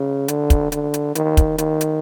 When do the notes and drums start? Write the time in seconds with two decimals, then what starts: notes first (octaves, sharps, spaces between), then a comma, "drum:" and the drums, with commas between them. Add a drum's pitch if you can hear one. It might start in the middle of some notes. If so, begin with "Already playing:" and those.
Already playing: C#3
0.28 D3, drum: hi-hat
0.50 drum: kick, hi-hat
0.72 D3, drum: hi-hat
0.94 drum: hi-hat
1.15 D#3, drum: hi-hat
1.37 drum: kick, hi-hat
1.58 D#3, drum: hi-hat
1.81 drum: hi-hat